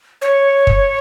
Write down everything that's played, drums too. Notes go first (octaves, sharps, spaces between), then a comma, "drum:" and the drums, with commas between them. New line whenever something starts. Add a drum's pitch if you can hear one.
C#5
drum: kick